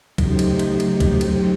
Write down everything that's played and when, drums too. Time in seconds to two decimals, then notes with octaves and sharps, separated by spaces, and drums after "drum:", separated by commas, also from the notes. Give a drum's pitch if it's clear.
0.18 C#3 F#3 A3 D#4 G4 C5, drum: kick, cymbal
0.39 drum: cymbal
0.59 drum: cymbal
0.80 drum: cymbal
1.00 drum: kick, cymbal
1.21 drum: cymbal